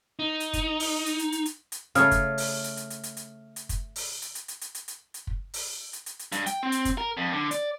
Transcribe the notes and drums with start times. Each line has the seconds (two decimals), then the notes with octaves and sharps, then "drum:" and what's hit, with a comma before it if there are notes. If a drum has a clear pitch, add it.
0.19 D#4
0.40 drum: hi-hat
0.53 drum: kick, hi-hat
0.80 drum: open hi-hat
1.06 drum: hi-hat
1.19 drum: hi-hat
1.32 drum: hi-hat
1.46 drum: hi-hat
1.72 drum: hi-hat
1.95 C#3 A3 C#5 F5 D#6 F6, drum: hi-hat
2.11 drum: kick, hi-hat
2.38 drum: open hi-hat
2.64 drum: hi-hat
2.77 drum: hi-hat
2.90 drum: hi-hat
3.03 drum: hi-hat
3.17 drum: hi-hat
3.56 drum: hi-hat
3.69 drum: kick, hi-hat
3.96 drum: open hi-hat
4.22 drum: hi-hat
4.35 drum: hi-hat
4.48 drum: hi-hat
4.61 drum: hi-hat
4.75 drum: hi-hat
4.88 drum: hi-hat
5.14 drum: hi-hat
5.27 drum: kick
5.54 drum: open hi-hat
5.93 drum: hi-hat
6.06 drum: hi-hat
6.19 drum: hi-hat
6.32 G2, drum: hi-hat
6.46 G5, drum: hi-hat
6.63 C4
6.72 drum: hi-hat
6.85 drum: kick, hi-hat
6.98 A#4
7.17 F2
7.33 D3
7.51 D5, drum: hi-hat